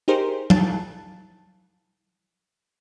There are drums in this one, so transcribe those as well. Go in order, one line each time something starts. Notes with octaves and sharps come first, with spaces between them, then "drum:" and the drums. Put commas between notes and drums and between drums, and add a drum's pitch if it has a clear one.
D#4 G4 G#4 A#4 C5
A5, drum: tom F#3